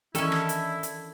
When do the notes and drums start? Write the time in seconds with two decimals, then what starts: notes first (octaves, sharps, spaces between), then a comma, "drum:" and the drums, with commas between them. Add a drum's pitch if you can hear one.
0.15 D#3 E3 C#4 D4 E4 A4, drum: hi-hat
0.32 drum: rim click
0.49 drum: hi-hat
0.83 drum: hi-hat